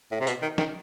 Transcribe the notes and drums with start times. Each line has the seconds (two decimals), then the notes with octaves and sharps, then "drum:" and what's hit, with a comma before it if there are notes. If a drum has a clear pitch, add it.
0.11 A2
0.20 C3
0.27 B2, drum: tambourine
0.42 D#3
0.58 D#3, drum: snare